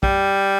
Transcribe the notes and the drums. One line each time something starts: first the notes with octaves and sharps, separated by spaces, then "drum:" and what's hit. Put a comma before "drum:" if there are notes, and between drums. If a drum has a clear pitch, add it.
G3, drum: kick